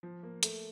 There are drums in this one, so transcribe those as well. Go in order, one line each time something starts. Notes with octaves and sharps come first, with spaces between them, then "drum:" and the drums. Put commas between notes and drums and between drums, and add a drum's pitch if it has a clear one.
F3
A#3
A3, drum: hi-hat